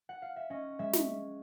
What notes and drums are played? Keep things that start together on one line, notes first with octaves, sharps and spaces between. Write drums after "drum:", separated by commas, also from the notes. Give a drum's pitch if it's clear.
F#5
F5
E5
C#4 D#5
G#3 E5
drum: snare